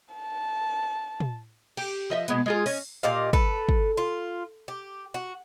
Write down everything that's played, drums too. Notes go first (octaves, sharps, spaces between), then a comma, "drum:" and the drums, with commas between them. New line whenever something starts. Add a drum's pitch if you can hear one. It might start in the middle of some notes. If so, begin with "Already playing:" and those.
A5
drum: tom
G4, drum: cymbal
F3 D#5 E5
B2 G#3 B3, drum: hi-hat
G#3 F4 G#4
C#4 D#5, drum: open hi-hat
A#2 G4 D#5 F5
A4 B4, drum: kick
drum: kick
F4
G4
F#4